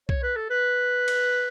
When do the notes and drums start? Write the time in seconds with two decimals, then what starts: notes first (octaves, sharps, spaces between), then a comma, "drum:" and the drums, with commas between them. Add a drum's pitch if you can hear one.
0.09 C#5, drum: kick B1
0.23 B4
0.36 A4
0.50 B4
1.08 drum: cymbal